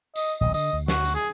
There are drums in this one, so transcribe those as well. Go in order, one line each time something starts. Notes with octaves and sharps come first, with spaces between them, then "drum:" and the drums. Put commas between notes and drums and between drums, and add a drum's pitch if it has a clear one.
D#5, drum: tambourine
D#1 B1 D#5
D3 D#5, drum: tambourine
D2
F#4, drum: snare
drum: tambourine
G#4